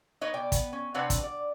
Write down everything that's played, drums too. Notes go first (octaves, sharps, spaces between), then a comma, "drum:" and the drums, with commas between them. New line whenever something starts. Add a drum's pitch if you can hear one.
D#4 B4 C#5 D#5
B2 D5 G5
B3, drum: kick, hi-hat
C#4
C3 C4 D4 B4 C#5 F#5
drum: kick, hi-hat
D5